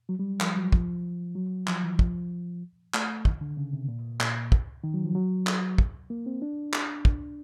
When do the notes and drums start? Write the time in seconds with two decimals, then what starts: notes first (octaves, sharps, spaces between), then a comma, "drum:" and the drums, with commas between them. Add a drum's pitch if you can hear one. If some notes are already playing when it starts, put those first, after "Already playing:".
0.09 F#3
0.19 G3
0.40 F3, drum: clap
0.57 F#3
0.72 F3, drum: kick
1.35 F#3
1.67 F3, drum: clap
1.83 E3
1.99 F3, drum: kick
2.94 A3, drum: clap
3.25 D#3, drum: kick
3.41 D3
3.57 C#3
3.73 C3
3.88 A#2
4.20 A#2, drum: clap
4.52 drum: kick
4.84 D#3
4.94 F#3
5.05 F3
5.15 F#3
5.47 drum: clap
5.78 drum: kick
6.10 A#3
6.26 C4
6.42 D4
6.73 drum: clap
7.05 drum: kick